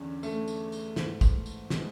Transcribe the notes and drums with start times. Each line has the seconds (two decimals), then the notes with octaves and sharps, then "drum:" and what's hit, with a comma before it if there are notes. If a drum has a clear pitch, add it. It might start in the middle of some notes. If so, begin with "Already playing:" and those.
Already playing: E2 D3 C#4
0.23 A3, drum: tambourine
0.48 drum: tambourine
0.72 drum: tambourine
0.96 G#2 E3, drum: snare
1.21 drum: kick, tambourine
1.46 drum: tambourine
1.70 G#3, drum: snare